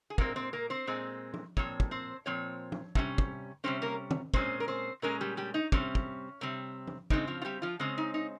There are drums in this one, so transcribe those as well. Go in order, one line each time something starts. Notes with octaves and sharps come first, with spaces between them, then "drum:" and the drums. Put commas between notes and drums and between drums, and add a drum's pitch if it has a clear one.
G#4
A#2 G#3 A#3 C4 A#4, drum: kick
C4 C5
A#3 A#4
C4 C5
A#2 G#3 C4
drum: tom
A#2 F3 C4 C#5, drum: kick
drum: kick
C4 C5
A#2 F3 C4 C#5
drum: tom
C3 G3 C#4, drum: kick
drum: kick
C3 G3 C4 C#4 C5
A#3 A#4
drum: tom
A#2 G#3 C4 C#4 C5, drum: kick
A#4
C4 C5
A#2 G#3 C#4 A#4
G3 G4
G3 G4
D#4
C3 G3 C4 C#4, drum: kick
drum: kick
C3 G3 C4
drum: tom
C#3 G#3 C4 D#4, drum: kick
F3 F4
F4
G3 G4
F3 F4
C#3 G#3 C4 C#4
D#4
D#4